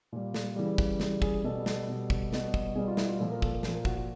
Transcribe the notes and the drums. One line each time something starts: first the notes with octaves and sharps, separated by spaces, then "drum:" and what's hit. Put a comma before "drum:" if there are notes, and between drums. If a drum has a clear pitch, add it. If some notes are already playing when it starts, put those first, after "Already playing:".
A#2 G3
drum: snare
C#3 E3 G3
drum: kick
C#3 E3 G3, drum: snare
G#4, drum: kick
B2 G3 A4
drum: snare
B2
G3
drum: kick
B2 G3, drum: snare
drum: kick
B2 G3 G#4
F4
E4, drum: snare
F4
A#2 F3 A4
A#4
A4, drum: kick
A#4
A#2 F3 A4, drum: snare
A#4
F#4, drum: kick
F#4